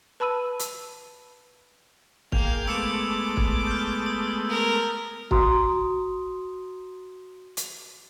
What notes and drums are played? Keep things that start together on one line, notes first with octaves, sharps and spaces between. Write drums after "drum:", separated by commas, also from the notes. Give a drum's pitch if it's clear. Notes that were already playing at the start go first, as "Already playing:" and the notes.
B4 A5 B5 E6 D#7
drum: hi-hat
A#3 G#4 F5 G5 F7, drum: kick
G#3 A3 B3 D6 E6 C#7 E7
drum: kick
F6 G6
D#6 E6
A#4
F#4 A#5 C6 D#6, drum: kick
drum: hi-hat